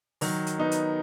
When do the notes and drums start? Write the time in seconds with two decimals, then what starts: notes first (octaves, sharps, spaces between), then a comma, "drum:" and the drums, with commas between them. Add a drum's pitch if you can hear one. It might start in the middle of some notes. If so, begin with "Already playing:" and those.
0.21 D#3 F#3, drum: open hi-hat
0.47 drum: hi-hat
0.58 B3 D#4
0.71 drum: hi-hat